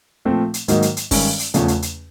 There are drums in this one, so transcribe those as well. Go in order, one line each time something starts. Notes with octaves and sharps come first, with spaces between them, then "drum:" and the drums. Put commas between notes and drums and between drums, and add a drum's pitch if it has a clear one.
A#2 F3 A3 C4
drum: hi-hat
G#2 D#3 F#3 A#3 D#4, drum: hi-hat
drum: hi-hat
drum: hi-hat
G2 D#3 G#3 C#4, drum: kick, open hi-hat
drum: hi-hat
E2 C#3 F3 A3 C#4, drum: hi-hat
drum: hi-hat
drum: hi-hat